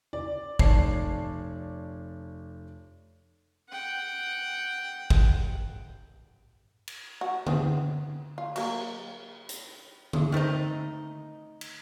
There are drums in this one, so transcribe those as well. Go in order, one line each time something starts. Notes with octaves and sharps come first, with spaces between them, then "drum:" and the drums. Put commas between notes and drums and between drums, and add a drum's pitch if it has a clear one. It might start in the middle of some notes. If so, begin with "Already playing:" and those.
D5
F1 C#5 D5 A5 C7, drum: kick
F#5 G5
drum: kick
drum: cymbal
F#4
B3 C4, drum: tom D3
F4
F#3 A#3 A#4, drum: cymbal
drum: hi-hat
drum: tom D3
D#3 A3 C4 D#4
drum: cymbal